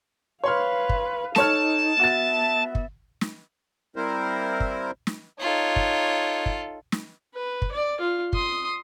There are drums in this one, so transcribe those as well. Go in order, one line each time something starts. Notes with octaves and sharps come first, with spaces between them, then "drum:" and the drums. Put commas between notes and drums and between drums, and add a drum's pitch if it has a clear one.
B4 C#5 F5 C6 F6
drum: kick
D#4 A4 C#5 A5 F6, drum: snare
B3 F#4 E5 A6
drum: kick
drum: snare
G3 A#3 C4 E4 A#4 C5
drum: kick
drum: snare
D#4 F4 A4 C#5
drum: kick
drum: kick
drum: snare
B4
drum: kick
D5
F4
C6 D#6, drum: kick